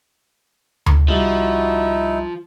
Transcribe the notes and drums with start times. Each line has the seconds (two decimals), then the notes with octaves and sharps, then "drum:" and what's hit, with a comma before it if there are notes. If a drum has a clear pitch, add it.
0.86 drum: tom D2
1.08 C2 F3 G3 D#4 E4 F#4